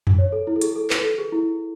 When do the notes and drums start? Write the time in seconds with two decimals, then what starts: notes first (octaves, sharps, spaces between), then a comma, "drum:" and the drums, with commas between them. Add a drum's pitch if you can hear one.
0.07 drum: tom F2
0.18 C#5
0.32 A4
0.47 E4
0.56 A4
0.61 G#4, drum: hi-hat
0.76 A4
0.90 B4, drum: clap
1.03 A4
1.18 G#4
1.32 E4